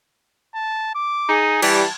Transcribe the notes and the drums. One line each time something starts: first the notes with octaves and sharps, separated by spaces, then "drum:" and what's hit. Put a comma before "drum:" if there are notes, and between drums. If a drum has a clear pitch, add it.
A5
D6
D#4 G#4
E3 G3 A5, drum: cymbal